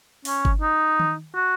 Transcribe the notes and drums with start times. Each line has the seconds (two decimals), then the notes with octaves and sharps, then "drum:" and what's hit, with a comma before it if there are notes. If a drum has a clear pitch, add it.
0.25 C#4, drum: open hi-hat
0.45 drum: kick G1
0.61 D#4
1.00 drum: tom D#3
1.35 F#4